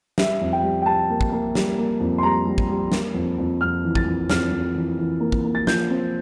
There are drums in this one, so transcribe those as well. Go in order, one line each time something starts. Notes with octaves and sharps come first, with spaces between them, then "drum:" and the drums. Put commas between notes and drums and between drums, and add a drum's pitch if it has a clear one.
G3 E5, drum: snare
F2
G5
G3
G5
G3 A5
A#3
drum: kick
A#3
G3, drum: snare
A#3
F2
C6
G3 A#5
G3
drum: kick
G3
A#3, drum: snare
F2
F2
F2 F6
E3
A6, drum: kick
F2
F2 F6, drum: snare
F2
E3
E3
A#3
drum: kick
A#3
A6
F3 G6, drum: snare
C4